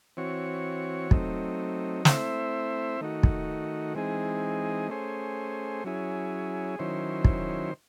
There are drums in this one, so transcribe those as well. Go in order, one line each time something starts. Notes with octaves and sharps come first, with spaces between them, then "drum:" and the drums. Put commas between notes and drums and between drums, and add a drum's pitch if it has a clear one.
E3 C4 F#4 C#5
F#3 A3 C4 D#4, drum: kick
A3 C4 E4 C5 E5, drum: snare
D#3 A3 D#4 F#4
drum: kick
E3 G#3 C4 D#4 G#4
A3 C#4 G#4 C5
F#3 C#4 E4 G#4
D#3 F#3 C#4 E4 C5
drum: kick